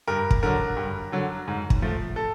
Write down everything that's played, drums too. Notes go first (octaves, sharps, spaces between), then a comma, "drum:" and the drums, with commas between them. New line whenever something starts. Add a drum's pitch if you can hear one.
G2 A#4
drum: kick
D3 F#3 A#4
G2
D3 F#3
G#2
drum: kick
F3 A3
A4